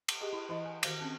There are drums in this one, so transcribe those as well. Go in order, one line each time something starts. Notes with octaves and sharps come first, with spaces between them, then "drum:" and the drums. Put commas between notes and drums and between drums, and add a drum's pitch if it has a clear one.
drum: cymbal
G4 G#4 D#5
E4
E3 E4 D#5
G#5
D#3 F#4 C5 E5 F5, drum: cymbal
C4 C#4 A5